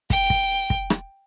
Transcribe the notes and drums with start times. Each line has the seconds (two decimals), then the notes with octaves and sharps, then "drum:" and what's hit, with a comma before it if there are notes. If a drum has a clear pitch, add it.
0.10 G5, drum: kick
0.30 drum: kick
0.70 drum: kick
0.90 drum: rim click